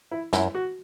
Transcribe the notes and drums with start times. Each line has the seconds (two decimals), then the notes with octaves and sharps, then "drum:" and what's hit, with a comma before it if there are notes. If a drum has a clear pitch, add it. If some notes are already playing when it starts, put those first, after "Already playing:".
0.11 E4
0.33 F#2 E4, drum: snare
0.55 F#4